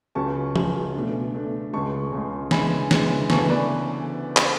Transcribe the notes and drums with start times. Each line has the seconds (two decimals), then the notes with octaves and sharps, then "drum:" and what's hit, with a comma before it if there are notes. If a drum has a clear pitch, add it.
0.15 C#2 C#3 F#3 A5 C#6
0.56 C#2 C#3 F#3, drum: tom
0.95 B2 A3 D4
1.34 B2 A3 D4
1.73 C#2 C#3 G#3 A5 C#6
2.12 C#2 C#3 G#3
2.51 C#3 E3 G#3 D4 G#5 B5, drum: snare
2.91 C#3 E3 G#3 D4, drum: snare
3.30 D2 C#3 E3 B3 D4 A5 C#6, drum: snare
3.50 B4 D5
4.37 drum: clap